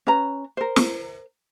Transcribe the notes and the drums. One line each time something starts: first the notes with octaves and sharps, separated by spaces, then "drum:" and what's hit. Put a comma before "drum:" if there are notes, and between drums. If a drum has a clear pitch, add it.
C#4 B4 A#5
A#4 C5
drum: snare